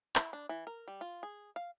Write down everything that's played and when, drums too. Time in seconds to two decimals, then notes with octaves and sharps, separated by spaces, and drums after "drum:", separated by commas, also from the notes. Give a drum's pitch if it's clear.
0.16 E4, drum: clap
0.33 D4
0.49 E3
0.67 A#4
0.88 G3
1.01 F4
1.23 G#4
1.56 F5